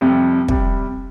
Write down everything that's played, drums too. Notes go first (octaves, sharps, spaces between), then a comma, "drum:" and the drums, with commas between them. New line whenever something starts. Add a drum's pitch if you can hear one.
F2 C3 G3
C3 G3, drum: kick